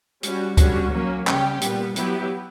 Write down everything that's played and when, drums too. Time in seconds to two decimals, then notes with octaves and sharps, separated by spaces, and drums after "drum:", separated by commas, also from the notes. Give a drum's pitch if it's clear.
0.23 G3 C#4 F#4, drum: hi-hat
0.57 D3 G3 C#4 F#4, drum: kick C#2, hi-hat
0.92 F#3 A#3 C#4
1.27 C#3 G3 C#4 G4, drum: clap
1.61 A#2 G3 B3, drum: hi-hat
1.96 F#3 B3 E4 G4, drum: hi-hat